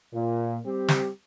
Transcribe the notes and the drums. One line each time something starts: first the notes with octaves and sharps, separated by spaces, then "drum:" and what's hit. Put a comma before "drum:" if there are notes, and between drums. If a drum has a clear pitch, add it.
A#2
G3 C4 G4
drum: snare